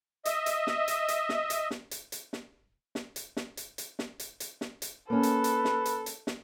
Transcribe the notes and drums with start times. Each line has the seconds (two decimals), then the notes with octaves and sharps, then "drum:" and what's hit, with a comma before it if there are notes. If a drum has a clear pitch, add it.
0.25 D#5 E5, drum: hi-hat
0.46 drum: hi-hat
0.67 drum: snare
0.88 drum: hi-hat
1.08 drum: hi-hat
1.29 drum: snare
1.50 drum: hi-hat
1.71 drum: snare
1.91 drum: hi-hat
2.12 drum: hi-hat
2.33 drum: snare
2.95 drum: snare
3.16 drum: hi-hat
3.37 drum: snare
3.57 drum: hi-hat
3.78 drum: hi-hat
3.99 drum: snare
4.20 drum: hi-hat
4.40 drum: hi-hat
4.61 drum: snare
4.82 drum: hi-hat
5.10 A#3 C#4 A4 B4
5.23 drum: hi-hat
5.44 drum: hi-hat
5.65 drum: snare
5.85 drum: hi-hat
6.06 drum: hi-hat
6.27 drum: snare